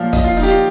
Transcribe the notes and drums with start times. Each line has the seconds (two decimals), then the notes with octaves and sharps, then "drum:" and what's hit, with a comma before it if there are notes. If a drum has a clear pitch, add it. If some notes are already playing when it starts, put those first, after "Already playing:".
Already playing: A#2 F3 F5
0.13 D#5, drum: kick, hi-hat
0.24 F4
0.37 D#4
0.43 G4, drum: hi-hat
0.48 F4